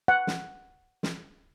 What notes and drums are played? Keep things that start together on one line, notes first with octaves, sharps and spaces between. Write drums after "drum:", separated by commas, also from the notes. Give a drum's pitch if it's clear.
F#5
drum: snare
drum: snare